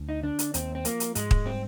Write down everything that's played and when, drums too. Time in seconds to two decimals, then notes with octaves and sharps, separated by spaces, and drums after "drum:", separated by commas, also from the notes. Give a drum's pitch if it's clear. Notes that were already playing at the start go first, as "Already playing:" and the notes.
Already playing: D2
0.09 D#4
0.23 D3 D4
0.39 drum: hi-hat
0.54 D#2 C4, drum: hi-hat
0.75 C4
0.85 F3 A#3, drum: hi-hat
1.00 drum: hi-hat
1.15 G#2 G#3, drum: hi-hat
1.31 drum: kick
1.46 G3 C4